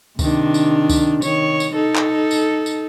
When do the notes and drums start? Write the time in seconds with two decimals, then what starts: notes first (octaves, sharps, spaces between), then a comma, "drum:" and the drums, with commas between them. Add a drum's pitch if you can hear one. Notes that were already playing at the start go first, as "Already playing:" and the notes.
0.19 C3 D#3 D4, drum: kick C#2, tambourine
0.54 drum: tambourine
0.90 drum: kick C#2, tambourine
1.22 D#3 C#5, drum: tambourine
1.60 drum: tambourine
1.74 D#4 A4
1.95 drum: clap
2.31 drum: tambourine
2.66 drum: tambourine